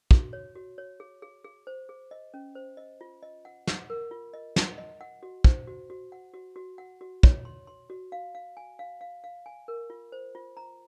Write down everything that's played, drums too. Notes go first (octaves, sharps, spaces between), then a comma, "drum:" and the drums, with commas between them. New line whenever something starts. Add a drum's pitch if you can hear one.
F#4, drum: kick
C#5
F#4
C#5
G#4
G#4
G#4
C5
G#4
D#5
C#4
C5
D#5
F4
D#5
F#5
F#5, drum: snare
A#4
F4
D#5
F#5, drum: snare
D#5
F#5
F#4
C5, drum: kick
F#4
F#4
F#5
F#4
F#4
F#5
F#4
C#5, drum: kick
C6
C6
F#4
F5
F5
G#5
F5
F5
F5
G#5
A#4
F4
C5
F4
A#5